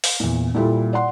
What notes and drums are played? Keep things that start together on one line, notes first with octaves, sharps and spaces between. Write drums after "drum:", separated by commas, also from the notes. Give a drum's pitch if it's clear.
drum: open hi-hat
E2 A#2
A#2 G3 E4 F4 A4
D5 F#5 C6